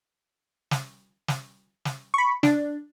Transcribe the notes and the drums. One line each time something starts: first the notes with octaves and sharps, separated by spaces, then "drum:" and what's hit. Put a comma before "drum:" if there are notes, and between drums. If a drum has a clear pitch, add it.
drum: snare
drum: snare
drum: snare
B5 C#6
D4, drum: snare